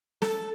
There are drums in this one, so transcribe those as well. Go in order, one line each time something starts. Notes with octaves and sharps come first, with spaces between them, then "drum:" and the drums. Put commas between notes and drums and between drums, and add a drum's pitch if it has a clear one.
A4, drum: snare